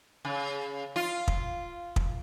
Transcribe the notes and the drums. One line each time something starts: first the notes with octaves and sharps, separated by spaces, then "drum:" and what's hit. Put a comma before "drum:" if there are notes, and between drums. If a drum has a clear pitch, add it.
C#3
F4
drum: kick
drum: kick